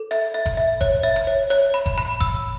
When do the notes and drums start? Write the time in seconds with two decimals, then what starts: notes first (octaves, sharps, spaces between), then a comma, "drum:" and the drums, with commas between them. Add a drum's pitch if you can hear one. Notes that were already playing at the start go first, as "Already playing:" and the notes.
Already playing: A4
0.11 E5, drum: hi-hat
0.34 E5
0.46 drum: kick F#1, hi-hat
0.57 E5
0.81 C#5, drum: kick F#1, hi-hat
1.03 E5
1.16 drum: hi-hat
1.27 C#5
1.50 C#5, drum: hi-hat
1.74 B5
1.86 drum: kick F#1, hi-hat
1.98 B5
2.20 E6, drum: kick F#1, hi-hat